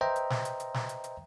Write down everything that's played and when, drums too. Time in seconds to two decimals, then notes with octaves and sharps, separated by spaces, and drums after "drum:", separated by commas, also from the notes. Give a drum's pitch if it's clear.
0.01 B4 C5 D#5 E5 G5 A#5
0.16 drum: hi-hat
0.30 drum: snare
0.45 drum: hi-hat
0.60 drum: hi-hat
0.74 drum: snare
0.89 drum: hi-hat
1.04 drum: hi-hat